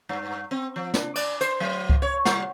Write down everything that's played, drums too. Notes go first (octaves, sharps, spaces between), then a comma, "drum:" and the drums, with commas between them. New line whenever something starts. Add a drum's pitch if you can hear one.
G2
C4
F3
D4, drum: snare
D5, drum: cymbal
C5, drum: hi-hat
F#3
drum: kick C#2
C#5
G3, drum: snare